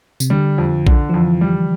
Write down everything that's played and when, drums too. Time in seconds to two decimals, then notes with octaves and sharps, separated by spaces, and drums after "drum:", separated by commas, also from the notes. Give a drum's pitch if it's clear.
0.20 C3, drum: tambourine
0.30 D3 G3
0.58 F2
0.87 D3, drum: kick A#1
1.09 F3
1.13 F2 E3
1.41 G3